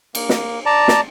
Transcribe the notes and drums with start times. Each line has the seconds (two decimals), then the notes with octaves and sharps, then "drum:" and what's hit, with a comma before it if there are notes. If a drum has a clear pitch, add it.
0.15 A#3, drum: cymbal
0.29 drum: snare
0.66 D5 A5 A#5
0.88 drum: snare